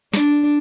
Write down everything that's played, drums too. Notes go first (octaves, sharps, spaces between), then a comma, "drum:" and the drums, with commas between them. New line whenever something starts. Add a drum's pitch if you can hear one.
D4, drum: snare